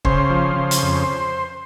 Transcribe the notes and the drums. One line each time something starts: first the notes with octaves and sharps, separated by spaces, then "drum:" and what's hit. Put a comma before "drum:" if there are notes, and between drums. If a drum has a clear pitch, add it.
C#3 C5, drum: kick
F3
C#3
drum: hi-hat
F2